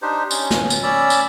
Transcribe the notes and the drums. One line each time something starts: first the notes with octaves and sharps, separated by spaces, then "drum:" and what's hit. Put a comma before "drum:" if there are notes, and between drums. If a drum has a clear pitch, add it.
D4 D#4 G4 C5
C#4, drum: tambourine
drum: snare
drum: tambourine
C#4 D5 B5 E6
drum: tambourine